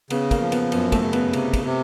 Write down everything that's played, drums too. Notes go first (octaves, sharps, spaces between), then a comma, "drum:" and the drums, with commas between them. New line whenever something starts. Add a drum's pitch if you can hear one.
C#3 B3, drum: cymbal
A#3, drum: kick, cymbal
F3
B3, drum: cymbal
F#2 B3, drum: cymbal
A3, drum: kick, cymbal
C#3
B3, drum: cymbal
C3, drum: cymbal
drum: kick, cymbal
C3